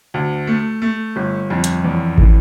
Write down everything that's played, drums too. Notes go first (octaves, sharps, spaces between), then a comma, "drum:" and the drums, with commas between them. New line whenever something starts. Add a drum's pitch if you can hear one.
D2
A3
A3
G1
F2
drum: hi-hat
E2
E3, drum: kick G#1